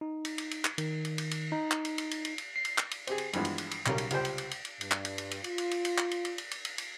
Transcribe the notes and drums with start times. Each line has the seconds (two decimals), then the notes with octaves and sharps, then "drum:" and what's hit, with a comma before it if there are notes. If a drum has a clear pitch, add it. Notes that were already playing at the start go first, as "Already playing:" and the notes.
0.01 D#4
0.25 drum: cymbal
0.38 drum: cymbal
0.51 drum: cymbal
0.65 drum: clap
0.78 D#3, drum: cymbal
1.05 drum: cymbal
1.18 drum: cymbal
1.31 drum: cymbal
1.52 D#4
1.71 drum: clap
1.85 drum: cymbal
1.98 drum: cymbal
2.11 drum: cymbal
2.25 drum: cymbal
2.38 drum: cymbal
2.56 C7
2.65 drum: cymbal
2.78 drum: clap
2.91 drum: cymbal
3.07 C4 G4 G#4, drum: cymbal
3.18 drum: cymbal
3.33 G2 E3 F3 G#3 B3, drum: cymbal
3.45 drum: cymbal
3.58 drum: cymbal
3.71 drum: cymbal
3.86 B1 C#3 G3 C#4 A#4, drum: clap
3.98 drum: cymbal
4.11 C#2 C3 G3 C5 G5, drum: cymbal
4.25 drum: cymbal
4.38 drum: cymbal
4.51 drum: cymbal
4.65 drum: cymbal
4.81 G2, drum: cymbal
4.91 drum: clap
5.05 drum: cymbal
5.18 drum: cymbal
5.31 drum: cymbal
5.44 F4, drum: cymbal
5.58 drum: cymbal
5.71 drum: cymbal
5.85 drum: cymbal
5.98 drum: clap
6.11 drum: cymbal
6.25 drum: cymbal
6.38 drum: cymbal
6.51 drum: cymbal
6.65 drum: cymbal
6.78 drum: cymbal